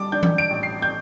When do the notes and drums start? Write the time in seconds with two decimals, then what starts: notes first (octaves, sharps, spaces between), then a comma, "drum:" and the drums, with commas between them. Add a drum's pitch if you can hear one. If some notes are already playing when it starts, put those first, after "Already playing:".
Already playing: G2 G3 A5 D6
0.12 D4 G6
0.23 drum: tom E3
0.38 D7
0.50 A1
0.63 C7
0.82 G6